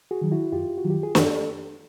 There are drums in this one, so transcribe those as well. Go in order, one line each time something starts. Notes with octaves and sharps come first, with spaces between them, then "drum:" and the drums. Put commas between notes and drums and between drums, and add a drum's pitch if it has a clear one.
F#4 G#4
D#3 F#3
E4 F#4
F#2 F4 G4
F#4
D#3 F#3
G4
G#4
F#2 G4 A4, drum: snare